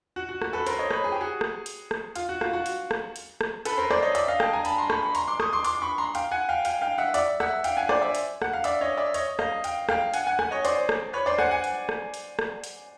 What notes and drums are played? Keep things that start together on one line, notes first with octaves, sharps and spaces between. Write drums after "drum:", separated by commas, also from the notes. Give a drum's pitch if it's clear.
F#4
F#4
F#4, drum: rim click
A4 B4
A#4 C5, drum: hi-hat
C#5 D#5
B4 C#5, drum: rim click
G#4
G4
F#4 G#4
drum: rim click
drum: hi-hat
drum: rim click
F4, drum: hi-hat
F#4
F4, drum: rim click
F#4
drum: hi-hat
drum: rim click
drum: hi-hat
drum: rim click
A4 B4, drum: hi-hat
A#4 C5
C5 D5, drum: rim click
C#5 D#5
D5 E5, drum: hi-hat
D#5 F5
G5 A5, drum: rim click
G#5 A#5
A5 B5, drum: hi-hat
A#5 C6
B5 C#6, drum: rim click
B5 C#6
A#5 C6, drum: hi-hat
C6 D6
C#6 D#6, drum: rim click
C6 D6
C6 D6, drum: hi-hat
D6
B5 C#6
A#5 C6
F5 G5, drum: hi-hat
F#5 G#5
F5 G5
F5 G5, drum: hi-hat
F5 G5
E5 F#5
D5 E5, drum: hi-hat
E5 F#5, drum: rim click
F5 G5, drum: hi-hat
F#5 G#5
C5 D5, drum: rim click
D5 E5
drum: hi-hat
F#5, drum: rim click
F5
D5 E5, drum: hi-hat
C#5 D#5
D5 E5
C#5 D#5, drum: hi-hat
D#5 F5, drum: rim click
F5 G5, drum: hi-hat
F5 G5, drum: rim click
F#5 G#5, drum: hi-hat
F#5 G#5
F#5 G#5, drum: rim click
C#5 D#5
C5 D5, drum: hi-hat
drum: rim click
B4 C#5
C5 D5
F#5 G#5, drum: rim click
F#5 G#5
drum: hi-hat
drum: rim click
drum: hi-hat
drum: rim click
drum: hi-hat